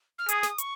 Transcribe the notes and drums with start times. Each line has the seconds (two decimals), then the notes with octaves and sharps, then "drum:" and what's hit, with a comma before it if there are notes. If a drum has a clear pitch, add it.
0.18 F6
0.29 G#4 D#6, drum: hi-hat
0.43 drum: snare
0.58 C#6, drum: hi-hat